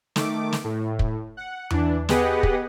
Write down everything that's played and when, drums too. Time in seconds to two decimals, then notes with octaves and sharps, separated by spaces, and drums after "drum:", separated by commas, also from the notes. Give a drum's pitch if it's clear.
0.16 D#3 A3 D6, drum: snare
0.52 drum: snare
0.64 A2
0.99 drum: kick
1.37 F#5
1.71 E3 D4, drum: tom E2
2.09 B3 G4 G#4 B4 D#5 F#5, drum: snare
2.43 drum: kick